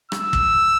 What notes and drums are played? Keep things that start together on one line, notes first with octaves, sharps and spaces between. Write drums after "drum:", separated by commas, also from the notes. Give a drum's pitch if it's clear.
E6, drum: rim click
drum: kick